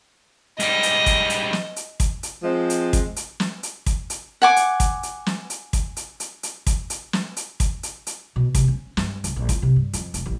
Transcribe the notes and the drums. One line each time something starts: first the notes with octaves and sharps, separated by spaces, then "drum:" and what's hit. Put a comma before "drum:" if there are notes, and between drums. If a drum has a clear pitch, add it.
G#2 G3 D#5, drum: hi-hat
drum: hi-hat
drum: kick, hi-hat
drum: hi-hat
drum: snare
drum: hi-hat
drum: kick, hi-hat
drum: hi-hat
F3 G#3 C4
drum: hi-hat
drum: kick, hi-hat
drum: hi-hat
drum: snare
drum: hi-hat
drum: kick, hi-hat
drum: hi-hat
F#5 G#5 D6
drum: hi-hat
drum: kick, hi-hat
drum: hi-hat
drum: snare
drum: hi-hat
drum: kick, hi-hat
drum: hi-hat
drum: hi-hat
drum: hi-hat
drum: kick, hi-hat
drum: hi-hat
drum: snare
drum: hi-hat
drum: kick, hi-hat
drum: hi-hat
drum: hi-hat
B2
C3, drum: kick, hi-hat
C#4
G2, drum: snare
C#2, drum: hi-hat
A#1
F4, drum: kick, hi-hat
C3
G2
F2, drum: hi-hat
F1, drum: hi-hat
A1